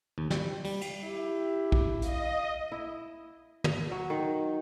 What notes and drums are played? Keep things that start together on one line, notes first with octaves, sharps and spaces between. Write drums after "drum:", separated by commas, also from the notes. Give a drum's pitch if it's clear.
D#2
G3, drum: snare
G3, drum: open hi-hat
drum: cymbal
E4 G4
drum: kick
D#5 F5, drum: hi-hat
E4
drum: tom
F#3
D#3